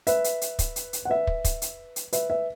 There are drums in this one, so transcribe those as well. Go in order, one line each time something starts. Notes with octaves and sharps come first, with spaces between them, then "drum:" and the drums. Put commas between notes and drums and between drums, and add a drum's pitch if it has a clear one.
B4 E5, drum: hi-hat
drum: hi-hat
drum: hi-hat
drum: kick, hi-hat
drum: hi-hat
drum: hi-hat
F#5
B4 E5
drum: kick
drum: kick, hi-hat
drum: hi-hat
drum: hi-hat
B4 E5, drum: hi-hat
B4 E5